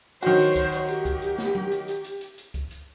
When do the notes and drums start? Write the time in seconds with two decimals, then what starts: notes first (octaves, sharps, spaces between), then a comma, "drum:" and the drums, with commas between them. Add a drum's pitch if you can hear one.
0.22 D#3 F#3 F#4 C5 C#5, drum: hi-hat
0.39 drum: hi-hat
0.56 drum: kick C2, hi-hat
0.72 drum: hi-hat
0.88 G4, drum: hi-hat
1.05 drum: kick C2, hi-hat
1.22 drum: hi-hat
1.38 drum: snare
1.55 drum: tom F#3
1.71 drum: hi-hat
1.88 drum: hi-hat
2.05 drum: hi-hat
2.21 drum: hi-hat
2.38 drum: hi-hat
2.54 drum: kick C2, hi-hat
2.71 drum: hi-hat